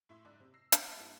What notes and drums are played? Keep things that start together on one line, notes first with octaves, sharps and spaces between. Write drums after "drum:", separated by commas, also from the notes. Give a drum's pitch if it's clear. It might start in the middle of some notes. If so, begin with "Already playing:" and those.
A2 E4 E5 C6 E6
F#1 G#2 D5
C3
E6 A#6 C7
A5, drum: hi-hat
G2 A#3 E4